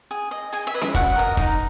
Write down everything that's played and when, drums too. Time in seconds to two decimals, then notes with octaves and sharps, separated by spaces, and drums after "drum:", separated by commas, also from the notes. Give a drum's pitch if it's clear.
0.11 G#4
0.31 D#5
0.53 G#4 G#5
0.67 E5
0.74 B4 D#5
0.82 E5, drum: snare C#4
0.95 F#4 F#5, drum: kick
1.16 A#4 D#5
1.37 D#4, drum: kick